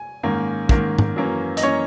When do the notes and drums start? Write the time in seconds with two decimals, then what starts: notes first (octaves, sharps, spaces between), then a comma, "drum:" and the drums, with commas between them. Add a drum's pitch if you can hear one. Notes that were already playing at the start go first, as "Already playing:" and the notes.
Already playing: G#5
0.23 G#2 D#3 A#3 C#4
0.69 G#2 D#3 A#3 C#4, drum: kick
0.98 drum: tom G#2
1.16 F#2 E3 A#3 C#4
1.57 D#5, drum: hi-hat
1.63 E3 A#3 C#4 C#5